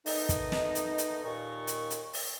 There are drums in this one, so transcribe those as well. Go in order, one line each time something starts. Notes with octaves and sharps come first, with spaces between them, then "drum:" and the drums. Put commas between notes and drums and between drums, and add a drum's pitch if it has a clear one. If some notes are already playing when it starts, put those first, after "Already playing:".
D#3 A3 B3 D#4, drum: open hi-hat
drum: kick, hi-hat
drum: snare
drum: hi-hat
drum: hi-hat
D#2 A#2 C#6
drum: hi-hat
drum: hi-hat
drum: open hi-hat